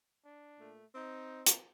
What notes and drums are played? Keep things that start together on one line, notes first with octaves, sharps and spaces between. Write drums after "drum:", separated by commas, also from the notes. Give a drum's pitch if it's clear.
D4
A#2 A3
C4 D#4
drum: hi-hat